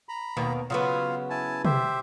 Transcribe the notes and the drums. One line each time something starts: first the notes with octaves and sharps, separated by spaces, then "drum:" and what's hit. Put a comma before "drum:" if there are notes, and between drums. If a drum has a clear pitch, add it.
A#5 B5
D#2 B2 D#3
C#3 F#3 B3 F4 F5
E4 G#5 A5
G4 C5 E5, drum: tom